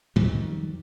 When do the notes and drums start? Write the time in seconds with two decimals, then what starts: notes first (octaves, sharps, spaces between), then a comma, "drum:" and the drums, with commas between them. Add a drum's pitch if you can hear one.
0.16 F2 D#3 F#3 G3, drum: kick